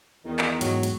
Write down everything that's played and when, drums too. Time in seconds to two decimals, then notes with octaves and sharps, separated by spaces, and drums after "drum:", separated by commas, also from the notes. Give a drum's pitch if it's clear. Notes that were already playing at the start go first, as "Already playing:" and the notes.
0.25 E2 D#3
0.39 drum: clap
0.61 G#2 F#3, drum: hi-hat
0.83 drum: hi-hat